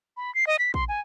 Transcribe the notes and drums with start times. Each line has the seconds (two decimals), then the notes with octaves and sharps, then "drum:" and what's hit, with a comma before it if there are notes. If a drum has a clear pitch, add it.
0.17 B5
0.35 C7
0.47 D#5
0.59 B6
0.74 C6, drum: kick
0.88 G#5